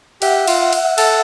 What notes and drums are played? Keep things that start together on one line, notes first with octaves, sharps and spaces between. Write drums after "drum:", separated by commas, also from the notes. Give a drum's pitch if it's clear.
G4 E5 F#5, drum: cymbal
F4, drum: cymbal
drum: cymbal
A4, drum: cymbal